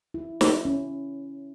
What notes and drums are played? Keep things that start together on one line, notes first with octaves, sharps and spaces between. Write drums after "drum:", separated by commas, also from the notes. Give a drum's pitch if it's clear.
E4
E4, drum: snare
C#4